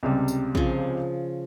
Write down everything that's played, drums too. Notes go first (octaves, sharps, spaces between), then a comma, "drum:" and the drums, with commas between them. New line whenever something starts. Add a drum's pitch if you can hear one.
C#2 C3 G3
drum: tambourine
C#3 F3, drum: kick